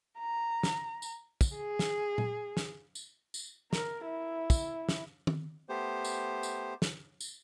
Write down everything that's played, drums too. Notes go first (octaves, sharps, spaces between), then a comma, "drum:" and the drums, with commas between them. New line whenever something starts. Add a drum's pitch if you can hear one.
A#5
drum: snare
drum: tambourine
drum: kick, tambourine
G#4
drum: snare
drum: tom A#2
drum: snare
drum: tambourine
drum: tambourine
A#4, drum: snare
E4
drum: kick, tambourine
drum: snare
drum: tom
A3 B3 G4 C5
drum: tambourine
drum: tambourine
drum: snare
drum: tambourine